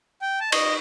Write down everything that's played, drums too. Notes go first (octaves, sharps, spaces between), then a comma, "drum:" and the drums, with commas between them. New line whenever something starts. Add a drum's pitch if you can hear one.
G5
A5
D#5, drum: cymbal